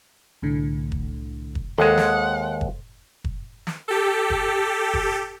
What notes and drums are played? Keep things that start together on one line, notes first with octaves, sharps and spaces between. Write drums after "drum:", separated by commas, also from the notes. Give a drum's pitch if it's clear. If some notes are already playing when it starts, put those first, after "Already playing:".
C2 A2 D3
drum: kick
drum: kick
D#2 G#3 A4 C5 F#5 G5 C6
drum: snare
drum: kick
drum: kick
drum: snare
G4 A4
drum: kick
drum: kick